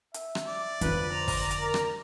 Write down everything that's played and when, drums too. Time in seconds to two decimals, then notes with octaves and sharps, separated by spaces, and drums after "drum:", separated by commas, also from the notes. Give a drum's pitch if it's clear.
0.14 E5, drum: hi-hat
0.35 drum: rim click
0.48 D5
0.81 F2 D3 B4, drum: hi-hat
1.12 C5 A#5
1.28 drum: kick, open hi-hat
1.51 drum: hi-hat
1.61 A#4
1.74 drum: rim click